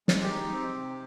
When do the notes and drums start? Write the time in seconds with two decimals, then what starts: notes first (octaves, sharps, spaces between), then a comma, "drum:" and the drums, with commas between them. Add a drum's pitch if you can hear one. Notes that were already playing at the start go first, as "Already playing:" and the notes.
0.08 G#3, drum: snare
0.22 G4
0.30 D#4
0.51 C4
0.74 C3